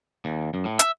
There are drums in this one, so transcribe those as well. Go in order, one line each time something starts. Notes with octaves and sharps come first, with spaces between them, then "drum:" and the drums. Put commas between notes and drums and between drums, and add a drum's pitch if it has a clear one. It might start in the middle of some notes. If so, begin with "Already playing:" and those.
D#2
F#2
A2
E5, drum: hi-hat